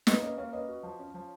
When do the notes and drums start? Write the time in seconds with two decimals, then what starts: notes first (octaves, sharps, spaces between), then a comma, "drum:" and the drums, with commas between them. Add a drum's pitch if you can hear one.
0.07 A#3 B4 D#5, drum: snare
0.22 C#4 B4 D#5
0.37 A#3 C#5 F5
0.52 C#4 B4 D#5
0.68 F#4
0.83 F3
0.99 C#4
1.14 F3